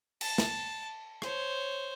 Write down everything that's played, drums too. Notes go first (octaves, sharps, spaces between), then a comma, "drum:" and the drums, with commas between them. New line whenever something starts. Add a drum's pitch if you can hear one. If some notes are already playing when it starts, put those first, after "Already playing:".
A5, drum: cymbal
drum: snare
C5 C#5, drum: rim click